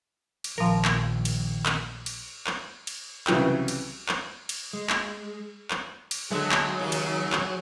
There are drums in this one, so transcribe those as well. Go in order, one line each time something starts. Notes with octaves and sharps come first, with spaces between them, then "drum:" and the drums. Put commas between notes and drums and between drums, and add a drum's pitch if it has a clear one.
drum: cymbal
A#1 D#3 F3 A#4
drum: clap
drum: cymbal
drum: clap
drum: cymbal
drum: clap
drum: cymbal
C2 C#3 E3 F#3 G5, drum: clap
drum: cymbal
drum: clap
drum: cymbal
G#3
drum: clap
drum: clap
drum: cymbal
D3 F#3 G#3 A3 G#4
drum: clap
D#2 C#3 C#4
drum: cymbal
drum: clap